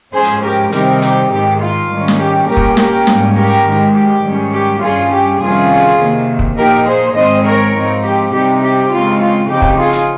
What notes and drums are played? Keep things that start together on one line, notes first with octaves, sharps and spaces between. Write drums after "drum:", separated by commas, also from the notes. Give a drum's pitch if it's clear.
G#2 F3 G#3 C#4 G#4 C5
drum: hi-hat
G4 A#4
C3 D#3 G3 C4 D#4 G4 A#4, drum: hi-hat
G4, drum: hi-hat
G#2 D#3 G#3 G4
F4
G#2 D#3 G3 C#4
drum: snare
G4
A#2 G3 C#4 G4 A#4
drum: kick
G4 A#4, drum: snare
G#2 G3 A#3 C#4, drum: snare
G4 A#4
G#2 D#3 G#3
G4
G#2 D#3 G3 C#4
G4
G2 G3 C#4 F4 G#4
G4
F2 C3 D#3 G3 C#4 F4 G#4
C3 D#3 A#3
drum: kick
A#2 F3 A#3 D#4 G4 A#4
G#4 C5
G#2 D#3 G#3 C4 C5 D#5
A#4 C#5
G#2 F3 C4 D#4
G4
C3 G3 C4 D#4 G4
G4
C#3 G#3 C4 D#4 F4
F4
C#3 F3 C4 D#4 G4
drum: kick
F4 G#4
drum: hi-hat